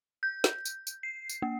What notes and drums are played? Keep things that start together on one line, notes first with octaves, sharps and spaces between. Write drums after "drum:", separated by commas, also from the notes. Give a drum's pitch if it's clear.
G6
drum: snare
drum: tambourine
drum: tambourine
C7
drum: tambourine
A#3